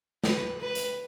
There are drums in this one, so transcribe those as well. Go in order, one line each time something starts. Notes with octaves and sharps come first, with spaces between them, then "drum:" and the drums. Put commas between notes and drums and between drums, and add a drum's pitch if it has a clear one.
B4, drum: snare
B4
drum: hi-hat